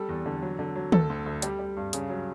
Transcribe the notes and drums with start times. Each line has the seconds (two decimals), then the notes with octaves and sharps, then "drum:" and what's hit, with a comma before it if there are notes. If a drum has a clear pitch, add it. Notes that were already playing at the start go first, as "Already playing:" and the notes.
Already playing: G3 A4
0.09 E2
0.26 D3
0.42 F#3
0.59 D3
0.75 F#3
0.92 D2 A4, drum: tom
1.10 D2
1.26 D2
1.42 G3 G4, drum: hi-hat
1.59 G3
1.77 G2
1.93 C#3, drum: hi-hat
2.09 F#3